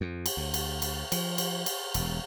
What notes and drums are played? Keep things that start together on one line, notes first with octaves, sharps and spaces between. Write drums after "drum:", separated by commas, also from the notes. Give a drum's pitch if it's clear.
F2
drum: cymbal
D2
drum: cymbal
drum: cymbal
F3, drum: cymbal
drum: cymbal
drum: cymbal
E1, drum: cymbal